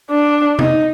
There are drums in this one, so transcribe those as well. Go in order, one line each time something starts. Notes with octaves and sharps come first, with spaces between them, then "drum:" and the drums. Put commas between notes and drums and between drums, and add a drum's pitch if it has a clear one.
D4
D#4, drum: tom C3